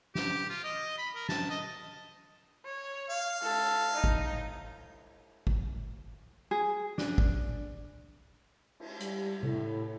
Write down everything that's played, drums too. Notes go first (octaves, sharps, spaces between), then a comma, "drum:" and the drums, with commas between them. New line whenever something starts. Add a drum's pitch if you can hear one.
G4, drum: snare
F4
D#5
B5
A#4
A5, drum: snare
D#5
C#5
F5
A4, drum: cymbal
D#4
drum: kick
drum: kick
G#4
D4, drum: snare
drum: kick
drum: cymbal
G3, drum: hi-hat
A2, drum: tom C3